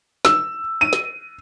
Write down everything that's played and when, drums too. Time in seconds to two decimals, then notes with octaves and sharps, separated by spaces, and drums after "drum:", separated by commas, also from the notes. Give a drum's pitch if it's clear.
0.25 E6, drum: snare
0.81 D#7
0.93 drum: snare